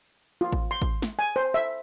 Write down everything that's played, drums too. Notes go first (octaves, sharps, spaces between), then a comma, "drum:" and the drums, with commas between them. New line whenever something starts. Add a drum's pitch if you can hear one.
F4
drum: kick A1
C6
drum: kick A1
drum: snare
G#5
C5
E5